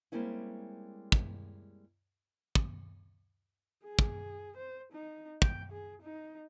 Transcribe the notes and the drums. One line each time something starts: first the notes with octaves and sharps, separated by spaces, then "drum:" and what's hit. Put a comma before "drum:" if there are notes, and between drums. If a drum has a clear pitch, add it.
G3 G#3 A#3 C4 C#4 E4
drum: kick
drum: kick
G#4
drum: kick
C5
D#4
G5, drum: kick
G#4
D#4